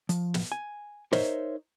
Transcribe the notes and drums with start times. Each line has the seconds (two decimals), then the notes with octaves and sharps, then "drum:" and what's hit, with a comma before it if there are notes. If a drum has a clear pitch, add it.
0.09 F3, drum: hi-hat
0.34 drum: snare
0.52 G#5
1.13 D#4 A#4 C5 C#5 E5, drum: snare